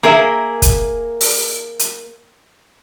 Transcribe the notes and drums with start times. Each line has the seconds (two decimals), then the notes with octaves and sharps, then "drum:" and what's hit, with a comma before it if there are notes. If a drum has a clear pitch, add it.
0.03 A#3 G#4 A#4 E5
0.62 drum: kick, hi-hat
1.21 drum: open hi-hat
1.79 drum: hi-hat